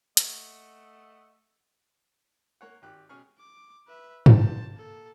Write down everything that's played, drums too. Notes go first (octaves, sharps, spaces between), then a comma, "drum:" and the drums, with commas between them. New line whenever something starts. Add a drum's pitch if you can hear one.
A3 D#5 F#5, drum: hi-hat
A#3 C#5 F#5
G#1 G4 F#6
B2 G#3 C#4 G#4 C#6 F6
D6
B4 E5
C5 A5, drum: tom G2
A#3 A4